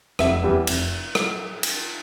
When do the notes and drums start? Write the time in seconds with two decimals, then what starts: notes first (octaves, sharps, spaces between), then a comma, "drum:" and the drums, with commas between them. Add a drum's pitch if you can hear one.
0.19 F1 E5, drum: rim click
0.43 E2 E3 G3
0.67 F1, drum: cymbal
1.15 drum: rim click
1.63 drum: cymbal